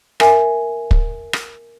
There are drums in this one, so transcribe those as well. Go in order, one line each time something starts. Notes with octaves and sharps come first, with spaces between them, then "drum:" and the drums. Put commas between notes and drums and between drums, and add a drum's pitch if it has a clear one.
A#4 E5 G#5, drum: rim click
drum: kick
drum: rim click